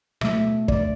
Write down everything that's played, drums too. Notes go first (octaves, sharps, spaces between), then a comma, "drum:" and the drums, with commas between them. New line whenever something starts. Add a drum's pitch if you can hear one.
B2 F#3 A3 E5, drum: rim click
D5, drum: kick